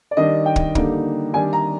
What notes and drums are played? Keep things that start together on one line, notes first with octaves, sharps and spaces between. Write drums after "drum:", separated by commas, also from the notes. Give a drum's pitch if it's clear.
D5
D#3 G3 D4 D#5
G5
drum: kick
D3 G3 A#3 D#4, drum: kick
D#3 G3 D4 G#5
A#5